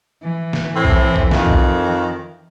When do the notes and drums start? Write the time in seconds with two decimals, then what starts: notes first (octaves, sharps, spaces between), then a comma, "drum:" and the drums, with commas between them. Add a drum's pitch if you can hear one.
0.22 E3
0.53 drum: snare
0.76 A2 C4
0.85 drum: kick
1.16 drum: kick
1.31 F2 D#3, drum: snare
1.47 drum: kick